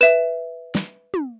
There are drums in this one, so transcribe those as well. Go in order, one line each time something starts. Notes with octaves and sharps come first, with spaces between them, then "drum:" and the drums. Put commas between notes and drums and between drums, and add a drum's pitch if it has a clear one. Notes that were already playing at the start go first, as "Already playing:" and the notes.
B4 E5 E7
drum: snare
drum: tom